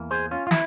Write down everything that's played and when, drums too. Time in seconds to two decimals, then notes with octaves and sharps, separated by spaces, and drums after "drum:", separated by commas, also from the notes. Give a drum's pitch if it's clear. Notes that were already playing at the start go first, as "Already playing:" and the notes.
Already playing: E2 E3 A#3
0.11 G#4 C5
0.31 C#4 F4
0.47 F4
0.51 E4, drum: snare